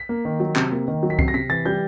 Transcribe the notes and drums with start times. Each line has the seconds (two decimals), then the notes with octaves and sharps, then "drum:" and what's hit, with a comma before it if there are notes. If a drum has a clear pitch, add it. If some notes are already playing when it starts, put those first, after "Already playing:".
Already playing: B6
0.09 A#3
0.25 D#3
0.40 F#3
0.56 C3, drum: clap
0.72 A#3
0.88 D#3
1.03 F#3
1.10 B6
1.19 C3 C7, drum: kick C2
1.28 A#6
1.34 C3 B6
1.50 E3 A6
1.66 G3 G6